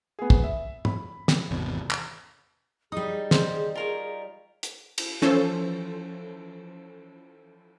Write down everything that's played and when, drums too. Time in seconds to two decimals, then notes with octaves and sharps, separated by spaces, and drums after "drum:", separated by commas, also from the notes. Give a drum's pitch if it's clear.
0.19 B3 G#4
0.30 drum: kick
0.44 E5
0.85 B5, drum: tom
1.28 drum: snare
1.51 G#1 E2 C3
1.91 drum: clap
2.92 G3 D#4 G#4 D#6
3.31 C5, drum: snare
3.75 F4 A#4 C#5
4.63 drum: hi-hat
4.98 drum: cymbal
5.22 E3 F3 C#4 A4 C5